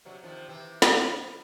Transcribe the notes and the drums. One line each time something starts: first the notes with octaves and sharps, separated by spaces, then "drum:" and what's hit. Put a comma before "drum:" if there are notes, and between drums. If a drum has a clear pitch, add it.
G2 C3 F#3
C3 D#3 F3
C3 E3 C4
drum: snare